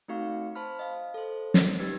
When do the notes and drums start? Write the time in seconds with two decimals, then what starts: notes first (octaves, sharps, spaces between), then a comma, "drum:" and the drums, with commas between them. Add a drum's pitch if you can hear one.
0.08 A3 C4 D#4 F#4 F5 C#6
0.55 C5 A5 B5 F6
0.79 D#5 F5
1.14 A4 C5
1.54 drum: snare
1.79 D#4 G4 B4 E6 G#6 A6